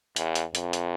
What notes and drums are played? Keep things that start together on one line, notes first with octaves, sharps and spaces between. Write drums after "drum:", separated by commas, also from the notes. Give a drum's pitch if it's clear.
E2, drum: hi-hat
drum: hi-hat
F2, drum: hi-hat
drum: hi-hat